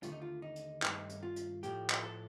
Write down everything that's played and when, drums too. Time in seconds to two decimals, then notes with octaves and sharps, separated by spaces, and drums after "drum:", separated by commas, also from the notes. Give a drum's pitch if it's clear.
0.03 D#2 D3 A3 F4, drum: hi-hat
0.12 D#4
0.22 F4
0.42 D#4
0.56 drum: hi-hat
0.82 G2 D#3 A3 D#4, drum: clap
1.09 drum: hi-hat
1.23 F4
1.36 drum: hi-hat
1.63 A2 F3 A3 G4, drum: hi-hat
1.90 drum: clap
2.04 A4